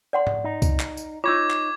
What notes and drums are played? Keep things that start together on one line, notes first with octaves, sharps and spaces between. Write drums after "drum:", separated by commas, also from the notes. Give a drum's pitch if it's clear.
D5 F#5 C6
drum: tom G#2
D#4
drum: kick, tambourine
drum: clap
drum: tambourine
D#4 F4 C#5 D6 E6 G#6
drum: clap